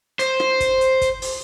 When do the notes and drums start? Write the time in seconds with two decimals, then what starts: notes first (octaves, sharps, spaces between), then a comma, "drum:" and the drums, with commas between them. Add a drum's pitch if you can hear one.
0.19 C5, drum: hi-hat
0.40 drum: rim click
0.60 drum: kick, hi-hat
0.81 drum: hi-hat
1.01 drum: kick, hi-hat
1.22 drum: open hi-hat